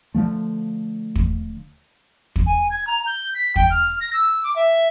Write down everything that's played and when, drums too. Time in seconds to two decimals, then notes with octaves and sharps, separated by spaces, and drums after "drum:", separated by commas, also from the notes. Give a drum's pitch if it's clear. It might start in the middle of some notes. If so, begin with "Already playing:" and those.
0.15 D3 D#3 F3 A3
1.15 drum: kick
2.36 drum: kick
2.46 G#5
2.71 G#6
2.87 A#5
3.06 G6
3.35 B6
3.56 G5, drum: kick
3.70 F6
4.01 A#6
4.13 E6
4.44 D6
4.56 E5